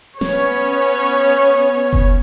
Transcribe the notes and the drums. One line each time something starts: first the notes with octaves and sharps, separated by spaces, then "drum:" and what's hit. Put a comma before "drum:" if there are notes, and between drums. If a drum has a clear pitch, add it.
B3 C#4 C#5, drum: snare
drum: kick F1